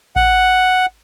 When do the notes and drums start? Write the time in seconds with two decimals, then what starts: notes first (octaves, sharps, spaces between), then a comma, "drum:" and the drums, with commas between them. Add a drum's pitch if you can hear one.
0.16 F#5, drum: kick A1